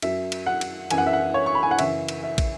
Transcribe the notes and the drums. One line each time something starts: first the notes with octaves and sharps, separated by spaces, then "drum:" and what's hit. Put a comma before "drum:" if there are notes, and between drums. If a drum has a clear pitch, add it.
F#2 F#3 E5, drum: cymbal
drum: cymbal
F#5
drum: cymbal
F#2 E3 G#5, drum: cymbal
F#5
E5
F#5
C#5
C#6
B5
G#5
F#5
F#2 C#3 E3 E5, drum: cymbal
drum: cymbal
E5
drum: kick, cymbal